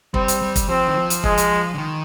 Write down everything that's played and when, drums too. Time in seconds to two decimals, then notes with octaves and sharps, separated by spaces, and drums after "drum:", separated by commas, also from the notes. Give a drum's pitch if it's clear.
0.14 G3 C4, drum: kick
0.28 drum: hi-hat
0.42 G3
0.56 drum: kick, hi-hat
0.69 F3 C4
0.88 D#3
0.97 F3
1.10 drum: hi-hat
1.24 G#3, drum: kick
1.38 drum: hi-hat
1.74 D3
1.78 D#3